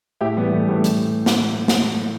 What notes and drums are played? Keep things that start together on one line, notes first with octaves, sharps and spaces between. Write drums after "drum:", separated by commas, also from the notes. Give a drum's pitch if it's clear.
A2 E4 G4
E3 G3 B3
E3 A3
A2 G3 B3
E3, drum: hi-hat
drum: snare
drum: snare